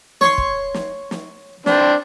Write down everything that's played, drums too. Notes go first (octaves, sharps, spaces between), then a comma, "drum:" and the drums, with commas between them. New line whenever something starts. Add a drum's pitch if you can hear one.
C#5 C6 C#6, drum: snare
drum: kick
drum: snare
drum: snare
C4 D4, drum: snare